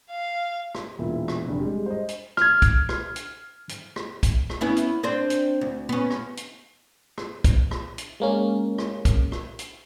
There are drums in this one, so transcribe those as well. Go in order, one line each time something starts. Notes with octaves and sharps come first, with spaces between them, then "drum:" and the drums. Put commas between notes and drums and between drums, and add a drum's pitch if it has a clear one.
F5
drum: rim click
E1 A#2 E4
drum: rim click
F1 D4
G3 G#3
C5 D#5
drum: hi-hat
F6 G#6, drum: rim click
drum: kick, hi-hat
drum: rim click
drum: hi-hat
drum: hi-hat
drum: rim click
drum: kick, hi-hat
drum: rim click
B3 C#4 E4
drum: hi-hat
C4 D4 C5
drum: hi-hat
D2
B3 C#4
drum: rim click
drum: hi-hat
drum: rim click
drum: kick, hi-hat
drum: rim click
drum: hi-hat
G#3 A#3 C#4
drum: rim click
drum: kick, hi-hat
drum: rim click
drum: hi-hat